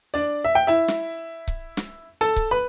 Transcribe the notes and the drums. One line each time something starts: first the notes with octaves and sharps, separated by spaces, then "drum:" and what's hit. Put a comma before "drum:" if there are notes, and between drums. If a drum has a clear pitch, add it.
D4 D5
E5
G5
E4 E5
drum: snare
drum: kick C#1
drum: snare
A4 A5
drum: kick C#1
B4 B5